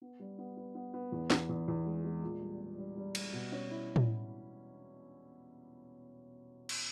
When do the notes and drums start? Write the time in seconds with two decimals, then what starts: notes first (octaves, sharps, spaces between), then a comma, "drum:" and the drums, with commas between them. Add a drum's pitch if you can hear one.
0.01 B3
0.19 G3
0.38 B3
0.57 B3
0.75 B3
0.94 B3
1.12 E2
1.30 E2, drum: snare
1.49 E2
1.68 E2
1.86 G#3
2.04 G#3
2.23 A#2
2.41 G3
2.60 A#2
2.78 G3
2.97 G3
3.15 G3, drum: cymbal
3.33 B2
3.52 C#4
3.71 E4
3.96 drum: tom A2
6.69 drum: cymbal